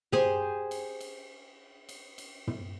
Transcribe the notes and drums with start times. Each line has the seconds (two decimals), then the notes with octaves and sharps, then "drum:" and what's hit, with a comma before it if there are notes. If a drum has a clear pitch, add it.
0.12 G4 G#4 C5, drum: tom
0.71 drum: cymbal
1.01 drum: cymbal
1.89 drum: cymbal
2.18 drum: cymbal
2.47 drum: tom